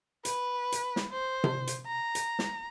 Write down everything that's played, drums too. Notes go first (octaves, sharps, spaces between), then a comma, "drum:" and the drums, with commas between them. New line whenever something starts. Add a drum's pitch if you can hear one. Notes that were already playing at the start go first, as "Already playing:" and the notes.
B4, drum: hi-hat
drum: hi-hat
drum: snare
C5
drum: tom C3
drum: hi-hat
A#5
drum: hi-hat
drum: snare